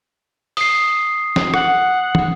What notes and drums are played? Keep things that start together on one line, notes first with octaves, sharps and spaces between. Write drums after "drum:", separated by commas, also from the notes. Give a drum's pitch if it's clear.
D#6 C7, drum: open hi-hat
drum: snare
F#5, drum: rim click
drum: tom